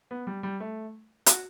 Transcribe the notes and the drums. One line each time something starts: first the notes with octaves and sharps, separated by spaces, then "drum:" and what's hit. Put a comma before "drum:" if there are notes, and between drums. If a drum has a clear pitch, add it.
B3
G3
G3
A3
F#4, drum: hi-hat